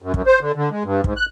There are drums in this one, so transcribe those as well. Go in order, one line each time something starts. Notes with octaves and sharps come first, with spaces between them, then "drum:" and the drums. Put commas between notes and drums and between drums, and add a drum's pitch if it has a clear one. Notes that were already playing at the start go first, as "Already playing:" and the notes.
F#2
F#2, drum: kick
C5
D3
D3
G#3
G2
G#2, drum: kick
F#6